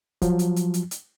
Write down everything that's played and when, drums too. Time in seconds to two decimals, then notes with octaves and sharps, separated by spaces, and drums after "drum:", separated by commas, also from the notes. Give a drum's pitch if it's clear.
0.22 F3 F#3, drum: kick, hi-hat
0.39 drum: hi-hat
0.56 drum: hi-hat
0.74 drum: hi-hat
0.91 drum: hi-hat